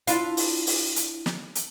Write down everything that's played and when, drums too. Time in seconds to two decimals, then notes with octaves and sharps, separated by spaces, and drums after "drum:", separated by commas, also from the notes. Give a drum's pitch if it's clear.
0.07 D4 E4 F4, drum: hi-hat
0.37 drum: open hi-hat
0.67 drum: open hi-hat
0.96 drum: hi-hat
1.26 drum: snare
1.55 drum: hi-hat